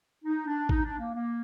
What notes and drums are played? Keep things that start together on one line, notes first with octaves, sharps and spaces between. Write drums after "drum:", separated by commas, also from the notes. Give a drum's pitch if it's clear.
D#4
D4
D#4, drum: kick G#1
D4
A#3
A#3